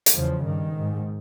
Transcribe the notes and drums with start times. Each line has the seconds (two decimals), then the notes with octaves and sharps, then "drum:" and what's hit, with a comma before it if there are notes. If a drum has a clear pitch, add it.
0.06 drum: hi-hat
0.16 E2 C#3 F3
0.45 G2 D#3
0.75 G#2